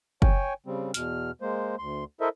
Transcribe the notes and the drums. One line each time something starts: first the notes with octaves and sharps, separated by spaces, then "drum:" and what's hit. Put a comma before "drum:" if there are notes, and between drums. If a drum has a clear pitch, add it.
C#5 G5 G#5, drum: kick F#1
C#3 G3 C4
E2 B2 F6, drum: hi-hat
G#3 A#3 C5
D2 C6
E4 A4 A#4 C5 D#5 E5